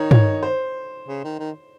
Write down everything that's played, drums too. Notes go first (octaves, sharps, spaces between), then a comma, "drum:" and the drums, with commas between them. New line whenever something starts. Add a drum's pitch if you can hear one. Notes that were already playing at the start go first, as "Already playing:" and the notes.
Already playing: D#3 D#4 C#5
C#5, drum: tom
C5
C#3
D#3
D#3